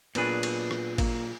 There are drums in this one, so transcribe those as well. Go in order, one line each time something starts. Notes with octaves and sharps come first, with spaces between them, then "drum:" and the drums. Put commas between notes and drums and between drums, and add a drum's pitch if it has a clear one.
A#2 F#3 B3 D4 G#4 B4, drum: cymbal
drum: cymbal
drum: rim click
A#3, drum: kick G#1, cymbal